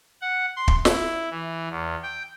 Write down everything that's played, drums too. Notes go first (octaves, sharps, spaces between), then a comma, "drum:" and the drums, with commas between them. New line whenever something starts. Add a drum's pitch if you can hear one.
F#5
C6
drum: kick
E4, drum: snare
E3
E2
G5